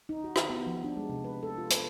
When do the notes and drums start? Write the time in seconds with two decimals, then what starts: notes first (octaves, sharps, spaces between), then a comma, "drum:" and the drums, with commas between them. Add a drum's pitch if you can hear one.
0.09 D#4
0.24 F#4
0.36 G4, drum: rim click
0.49 B3
0.67 F3
0.84 D4
0.97 G#3
1.09 C3
1.24 B4
1.43 A4
1.58 F4
1.70 B4, drum: hi-hat